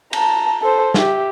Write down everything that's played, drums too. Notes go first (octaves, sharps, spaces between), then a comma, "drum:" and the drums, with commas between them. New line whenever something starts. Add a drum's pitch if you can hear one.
A5 A#5, drum: cymbal
A4 C5
G4 E5, drum: snare